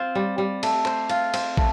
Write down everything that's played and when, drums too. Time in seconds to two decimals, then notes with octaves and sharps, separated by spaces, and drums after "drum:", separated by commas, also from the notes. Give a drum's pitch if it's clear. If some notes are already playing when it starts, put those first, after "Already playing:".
Already playing: C4 F4
0.15 G3
0.38 G3
0.63 A3, drum: cymbal
0.85 C5, drum: clap
1.09 F4, drum: cymbal
1.34 C4, drum: cymbal
1.57 A3, drum: kick